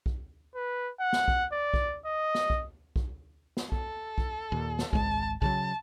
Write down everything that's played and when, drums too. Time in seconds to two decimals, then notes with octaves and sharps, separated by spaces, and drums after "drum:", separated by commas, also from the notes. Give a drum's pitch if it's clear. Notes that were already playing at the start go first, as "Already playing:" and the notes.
0.06 drum: kick B1
0.55 B4
1.00 F#5
1.13 drum: snare
1.28 drum: kick B1
1.52 D5
1.74 drum: kick B1
2.06 D#5
2.35 drum: snare
2.50 drum: kick B1
2.96 drum: kick B1
3.57 drum: snare
3.72 A4, drum: kick B1
4.18 drum: kick B1
4.52 D#2 A#2
4.79 drum: snare
4.93 G#1 C#2 G#3 A5, drum: kick B1
5.42 C#3 F3 F#3 A5, drum: kick B1